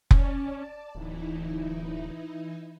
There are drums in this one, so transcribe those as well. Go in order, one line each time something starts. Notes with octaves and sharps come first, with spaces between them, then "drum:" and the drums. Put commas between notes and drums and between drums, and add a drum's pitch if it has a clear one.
C#4 D5 A5, drum: kick F1
D1 E3 D#4 E4